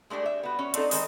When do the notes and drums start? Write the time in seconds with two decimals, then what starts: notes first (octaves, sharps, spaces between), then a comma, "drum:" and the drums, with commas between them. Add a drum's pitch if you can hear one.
0.10 G#3 A3 D4 G4 G#4
0.26 E5
0.43 B3 F#4
0.59 C#4
0.74 C4 D4 D#4 G4 A4, drum: hi-hat
0.91 D#3 G#3 C4 B4 D#5, drum: open hi-hat